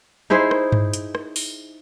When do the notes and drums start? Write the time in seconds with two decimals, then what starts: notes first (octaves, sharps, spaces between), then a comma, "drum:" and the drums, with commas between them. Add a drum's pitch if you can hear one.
0.30 D#4 E4 G#4 C5
0.51 drum: rim click
0.72 drum: tom G2
0.93 drum: hi-hat
1.15 drum: rim click
1.36 drum: open hi-hat